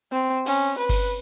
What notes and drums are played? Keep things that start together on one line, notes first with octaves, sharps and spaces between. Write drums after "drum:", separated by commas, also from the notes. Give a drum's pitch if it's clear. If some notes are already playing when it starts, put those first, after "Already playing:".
C4
C#4, drum: cymbal
B4
drum: kick G1, cymbal